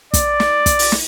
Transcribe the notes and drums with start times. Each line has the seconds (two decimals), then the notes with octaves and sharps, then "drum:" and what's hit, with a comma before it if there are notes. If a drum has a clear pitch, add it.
0.14 D5, drum: kick, hi-hat
0.40 drum: snare
0.66 drum: kick, hi-hat
0.79 drum: open hi-hat
0.92 drum: snare